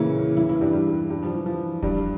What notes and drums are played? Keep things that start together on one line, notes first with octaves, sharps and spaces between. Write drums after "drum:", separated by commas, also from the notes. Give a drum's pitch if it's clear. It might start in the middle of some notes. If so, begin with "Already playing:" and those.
Already playing: A#2 C#3 E3 A#3 C#4 E4
E3 E4
E3 E4
G2 G3
G2 G3
G2 G3
F3
E3
F3
G2 G3, drum: kick D#1